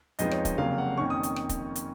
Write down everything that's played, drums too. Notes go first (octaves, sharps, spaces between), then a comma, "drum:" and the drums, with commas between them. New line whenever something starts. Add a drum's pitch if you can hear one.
F2 F3 G#3 B3 D#4 D#5, drum: hi-hat
C#5, drum: rim click
D#5, drum: kick, hi-hat
F1 F2 C#3 F#3 A#3 F5
F#5
F2 D#3 A#3 C#4 C#6
D#6
drum: hi-hat
drum: rim click
drum: kick, hi-hat
drum: hi-hat